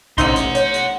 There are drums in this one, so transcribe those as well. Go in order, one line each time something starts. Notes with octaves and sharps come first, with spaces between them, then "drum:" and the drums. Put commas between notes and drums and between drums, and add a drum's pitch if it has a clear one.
A1 C3 D#4 F#5 C6, drum: kick A#1, hi-hat
drum: hi-hat
C#5, drum: hi-hat
drum: hi-hat